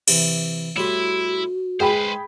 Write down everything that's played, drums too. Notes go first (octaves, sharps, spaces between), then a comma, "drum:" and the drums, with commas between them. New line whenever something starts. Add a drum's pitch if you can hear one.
C3 E3, drum: cymbal
A2 G3 E4 F#4 C6
G#2 G#4 B4 C5 G5 B5